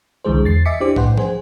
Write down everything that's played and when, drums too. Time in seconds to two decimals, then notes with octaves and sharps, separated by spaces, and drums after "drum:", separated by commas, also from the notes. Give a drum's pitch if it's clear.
0.25 C2 D3 E3 G#3 G#4 C5
0.44 E2 A6 C7
0.65 D#5 E5 G#5 D6 B6 C#7
0.80 D4 E4 G4 C5 D6
0.96 A2 B4 F#5 G5 C6, drum: kick B1
1.18 G#4 C5 G#5, drum: tom F3